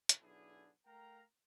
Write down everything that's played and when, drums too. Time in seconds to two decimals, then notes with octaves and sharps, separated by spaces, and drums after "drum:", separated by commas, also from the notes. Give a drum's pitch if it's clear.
0.09 drum: hi-hat
0.21 B1 D3 D4 E4 G#4
0.86 A3 A#4 F5 G5 A#5